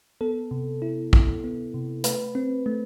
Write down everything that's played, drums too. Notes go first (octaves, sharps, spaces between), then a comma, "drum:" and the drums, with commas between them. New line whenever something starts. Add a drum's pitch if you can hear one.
B3 A4
C3
E4
E4, drum: kick
B3
C3
A3 B4, drum: hi-hat
C4
A3